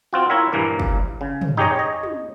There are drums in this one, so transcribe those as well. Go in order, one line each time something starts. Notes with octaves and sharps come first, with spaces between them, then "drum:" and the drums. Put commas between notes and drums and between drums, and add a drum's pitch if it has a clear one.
C4 F4 F#4
E4 F4 A#4 C#5 E5
G2 A#2 E3 F3 A#3
drum: kick
C#3
drum: tom
D#4 G4 G#4 C#5 D#5
C#5 D#5
drum: tom